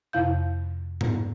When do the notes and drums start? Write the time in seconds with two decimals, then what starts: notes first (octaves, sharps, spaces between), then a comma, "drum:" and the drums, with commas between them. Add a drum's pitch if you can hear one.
0.13 F2 C3 E4 F5 G6
1.01 drum: tom G#2